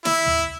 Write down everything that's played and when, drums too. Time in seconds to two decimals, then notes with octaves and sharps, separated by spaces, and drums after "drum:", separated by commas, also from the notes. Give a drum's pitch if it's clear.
0.05 E4, drum: snare
0.25 drum: tom